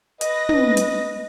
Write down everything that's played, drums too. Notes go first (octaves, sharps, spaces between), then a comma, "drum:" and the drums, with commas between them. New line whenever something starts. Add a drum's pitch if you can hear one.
B4 D#5 A#6, drum: hi-hat
drum: tom
drum: hi-hat